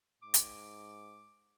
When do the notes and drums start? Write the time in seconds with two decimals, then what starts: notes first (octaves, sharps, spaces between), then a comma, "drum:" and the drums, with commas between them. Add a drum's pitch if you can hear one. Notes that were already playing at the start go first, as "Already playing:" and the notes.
0.23 G#2 D6
0.34 drum: hi-hat